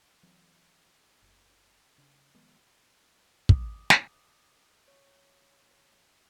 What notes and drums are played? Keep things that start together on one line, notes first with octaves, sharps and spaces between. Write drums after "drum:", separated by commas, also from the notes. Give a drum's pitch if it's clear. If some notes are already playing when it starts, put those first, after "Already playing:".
E3 F#3 C4
F#1
C#3 D4
D#3 F3 G#3 B3
D6 D#6, drum: kick
drum: snare
C#5